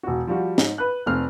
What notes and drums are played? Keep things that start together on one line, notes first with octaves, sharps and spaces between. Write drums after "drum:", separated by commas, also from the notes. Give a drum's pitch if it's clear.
E1 F#4
F3 G3 F#4
G#2, drum: snare
B4 F#6
F1 A3 C4 F6